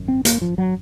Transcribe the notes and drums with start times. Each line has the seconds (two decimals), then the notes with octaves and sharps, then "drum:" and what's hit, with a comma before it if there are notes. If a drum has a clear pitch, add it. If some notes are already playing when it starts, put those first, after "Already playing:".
Already playing: G#1 F#2
0.08 C4
0.25 A#3, drum: hi-hat
0.42 F3
0.58 F#3